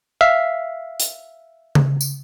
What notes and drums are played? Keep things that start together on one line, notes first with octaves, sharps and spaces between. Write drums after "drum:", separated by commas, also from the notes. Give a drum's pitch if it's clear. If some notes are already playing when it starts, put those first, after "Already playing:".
E5 F5
drum: hi-hat
drum: tom C#3
drum: tambourine